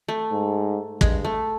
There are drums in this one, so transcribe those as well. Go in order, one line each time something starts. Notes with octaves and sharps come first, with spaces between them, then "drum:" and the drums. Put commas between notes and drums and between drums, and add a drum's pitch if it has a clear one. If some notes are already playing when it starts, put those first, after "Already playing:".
A3
G#2
G2 G#3, drum: kick
A3